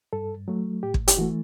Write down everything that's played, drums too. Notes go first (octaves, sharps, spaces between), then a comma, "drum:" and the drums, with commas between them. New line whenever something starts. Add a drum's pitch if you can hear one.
G2 A4
F#3 A3
A2 G4
drum: kick
G4, drum: hi-hat
E3 A3 F#4